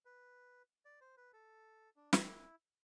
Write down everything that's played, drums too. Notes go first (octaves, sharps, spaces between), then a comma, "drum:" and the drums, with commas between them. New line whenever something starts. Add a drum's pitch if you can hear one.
B4
D5
C5
B4
A4
D4
E4, drum: snare